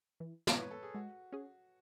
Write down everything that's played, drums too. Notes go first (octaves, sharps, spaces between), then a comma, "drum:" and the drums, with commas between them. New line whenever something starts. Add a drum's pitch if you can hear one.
E3
C#5, drum: snare
B3 E4 B4
A4
G#4
G#3 F#4
C#4 G#4